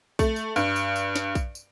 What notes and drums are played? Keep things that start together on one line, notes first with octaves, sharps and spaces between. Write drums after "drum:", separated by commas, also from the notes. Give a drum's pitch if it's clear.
A3, drum: kick A#1, tambourine
drum: tambourine
G2, drum: tambourine
drum: tambourine
drum: tambourine
drum: snare
drum: kick A#1, tambourine
drum: tambourine